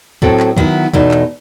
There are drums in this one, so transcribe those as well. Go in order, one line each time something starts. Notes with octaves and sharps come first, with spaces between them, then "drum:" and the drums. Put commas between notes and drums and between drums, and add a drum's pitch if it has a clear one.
A2 F#3 C4 F#4 A4, drum: kick
drum: clap
D#3 F#3 B3 E4, drum: kick
E2 B2 A3 D#4, drum: kick
drum: clap